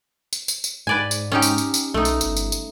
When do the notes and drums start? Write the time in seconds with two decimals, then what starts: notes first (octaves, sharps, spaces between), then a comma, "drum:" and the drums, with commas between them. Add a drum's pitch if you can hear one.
0.33 drum: tambourine
0.48 drum: tambourine
0.64 drum: tambourine
0.87 G#2 B4 D5 G#5
1.11 drum: tambourine
1.32 C#4 D#4 G4
1.42 drum: tambourine
1.58 drum: tambourine
1.74 drum: tambourine
1.94 B1 A3 D#4
2.05 drum: tambourine
2.21 G1, drum: tambourine
2.37 drum: tambourine
2.52 drum: tambourine